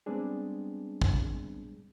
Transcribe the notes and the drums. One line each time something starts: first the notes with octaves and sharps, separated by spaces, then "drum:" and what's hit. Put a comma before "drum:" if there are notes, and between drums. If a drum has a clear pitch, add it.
G3 G#3 B3 C4 D4 G#4
drum: kick